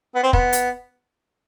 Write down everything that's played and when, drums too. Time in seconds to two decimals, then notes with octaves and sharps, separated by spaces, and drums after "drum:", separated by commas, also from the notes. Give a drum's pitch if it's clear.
0.15 B3
0.23 C4
0.33 B3, drum: kick
0.53 drum: hi-hat